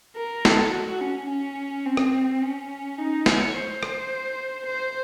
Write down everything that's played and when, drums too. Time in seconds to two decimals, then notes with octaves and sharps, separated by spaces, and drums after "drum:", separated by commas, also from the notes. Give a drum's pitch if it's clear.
0.16 A#4
0.45 A4, drum: snare
0.72 F#4
1.01 C#4
1.29 C#4
1.86 C4
1.97 drum: rim click
2.42 C#4
2.98 D#4
3.26 C#5, drum: snare
3.54 C5
3.83 drum: rim click
4.66 C5